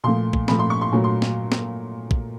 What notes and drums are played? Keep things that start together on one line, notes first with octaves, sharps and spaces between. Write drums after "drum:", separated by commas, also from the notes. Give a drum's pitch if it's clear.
A#2 F3 A3 C6
drum: kick
A#2 F3 A3 B5, drum: snare
C6
C#6
C6
A#2 F#3 A3
C6
drum: snare
drum: snare
drum: kick